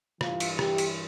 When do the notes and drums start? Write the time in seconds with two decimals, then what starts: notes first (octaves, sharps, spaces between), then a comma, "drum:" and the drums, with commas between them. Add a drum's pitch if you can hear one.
0.21 G2 E3 F4, drum: rim click
0.40 drum: cymbal
0.59 G4, drum: rim click
0.78 drum: cymbal